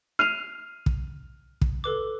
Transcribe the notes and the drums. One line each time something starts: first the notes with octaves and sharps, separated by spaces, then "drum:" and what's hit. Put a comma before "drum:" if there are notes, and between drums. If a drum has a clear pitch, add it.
F6 C7 D#7 F7
drum: kick
drum: kick
A4 B4 D6